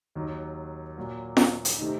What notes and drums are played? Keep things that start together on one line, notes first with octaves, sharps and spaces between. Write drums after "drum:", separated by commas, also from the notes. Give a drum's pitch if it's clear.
D#2 D#3 F#3
A#2 F#3 A#3
drum: snare F4
drum: hi-hat
C3 D#3 A3 D#4